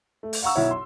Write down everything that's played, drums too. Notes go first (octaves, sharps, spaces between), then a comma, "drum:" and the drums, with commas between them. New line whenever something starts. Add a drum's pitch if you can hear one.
A3
drum: open hi-hat
F5 F#5 A#5 C#6 E6
B1 E4 C#5 E5
C6